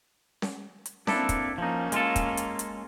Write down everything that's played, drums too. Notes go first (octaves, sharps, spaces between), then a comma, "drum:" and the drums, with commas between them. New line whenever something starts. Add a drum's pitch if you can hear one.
drum: snare C#4
drum: hi-hat
A#3 C4 D4 E4 A4, drum: snare C#4
drum: kick, hi-hat
F3 A#3 C#4 D#4
G#3 F4 A4, drum: hi-hat
drum: kick, hi-hat
drum: hi-hat
drum: hi-hat